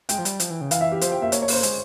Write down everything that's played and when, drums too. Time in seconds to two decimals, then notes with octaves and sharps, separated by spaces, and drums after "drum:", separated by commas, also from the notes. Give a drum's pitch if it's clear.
0.09 G#3 G5, drum: hi-hat
0.19 F3
0.25 G3, drum: hi-hat
0.40 F3, drum: hi-hat
0.50 E3
0.61 C#3
0.71 E3 F5, drum: hi-hat
0.81 E5
0.92 G4
1.01 F3 C5, drum: hi-hat
1.12 G5
1.22 A#3 E5
1.32 A#3 C#5, drum: hi-hat
1.42 C#5
1.48 A#3 C5, drum: open hi-hat
1.63 G#3, drum: hi-hat